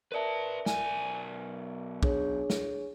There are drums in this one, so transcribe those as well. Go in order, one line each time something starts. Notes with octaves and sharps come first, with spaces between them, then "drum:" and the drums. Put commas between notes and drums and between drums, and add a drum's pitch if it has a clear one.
A#4 B4 D5 E5 A5
B1 G#5, drum: snare
D4 G#4 C#5, drum: kick B1
drum: snare